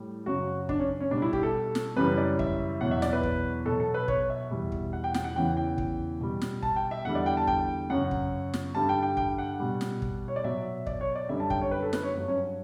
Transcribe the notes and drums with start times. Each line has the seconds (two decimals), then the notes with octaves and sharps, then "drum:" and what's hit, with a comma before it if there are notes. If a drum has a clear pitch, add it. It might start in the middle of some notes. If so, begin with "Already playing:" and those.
Already playing: A2 G3
0.26 F#2 C#3 F#3 F#4
0.69 D4, drum: kick
0.80 C#4
1.00 C#4
1.11 B2 G3 D4
1.22 E4
1.33 G4, drum: kick
1.43 A4
1.75 drum: snare
1.96 F#2 C#3 E3 G3 B4
2.17 D5
2.39 E5, drum: kick
2.81 E2 B2 F#3 F#5
2.91 E5
3.02 D5, drum: snare
3.13 B4
3.23 drum: kick
3.66 B2 F#3 A4
3.80 A4
3.94 B4
4.08 C#5, drum: kick
4.30 E5
4.51 E2 B2 G3
4.72 drum: kick
4.93 F#5
5.04 G5
5.14 G5, drum: snare
5.24 F#5
5.36 E2 C#3 E3 G5
5.57 G5
5.78 drum: kick
6.20 B2 G3
6.42 drum: snare
6.63 A5, drum: kick
6.76 G5
6.91 E5
7.05 E2 D3 G3 F#5
7.15 D5
7.26 G5
7.37 A5
7.47 G5, drum: kick
7.90 F#2 C#3 F#3 F#5
8.11 drum: kick
8.54 drum: snare
8.75 G2 D3 G3 A5
8.89 G5
9.02 G5
9.17 G5, drum: kick
9.38 F#5
9.59 B2 G3
9.81 drum: snare
10.02 drum: kick
10.28 C#5
10.36 D5
10.44 B2 F#3 E5
10.87 D5, drum: kick
11.01 C#5
11.16 D5
11.29 F#2 D3 G3 E5
11.40 A5
11.50 G5, drum: kick
11.61 C#5
11.71 B4
11.82 A4
11.93 B4, drum: snare
12.03 C#5
12.14 G2 F#3
12.28 C#4